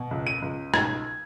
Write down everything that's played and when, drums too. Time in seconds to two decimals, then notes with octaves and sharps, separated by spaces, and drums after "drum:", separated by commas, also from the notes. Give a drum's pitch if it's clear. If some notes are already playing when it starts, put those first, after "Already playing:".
Already playing: B2
0.11 C#2
0.26 D#7
0.42 C#2
0.74 B1 G#6, drum: rim click